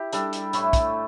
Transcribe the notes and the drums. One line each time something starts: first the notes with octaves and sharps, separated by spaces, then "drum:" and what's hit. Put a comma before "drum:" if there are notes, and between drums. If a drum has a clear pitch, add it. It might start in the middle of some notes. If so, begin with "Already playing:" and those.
Already playing: E4 G4
G3 D4 A4, drum: hi-hat
drum: hi-hat
A2 A3 E4, drum: hi-hat
drum: kick, hi-hat